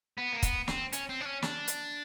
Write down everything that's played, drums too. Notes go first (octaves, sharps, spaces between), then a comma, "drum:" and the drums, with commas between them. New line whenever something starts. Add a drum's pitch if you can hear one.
B3
A#3
B3, drum: kick, hi-hat
C4, drum: snare
C#4, drum: hi-hat
C4
D4
C#4
D4, drum: snare
drum: hi-hat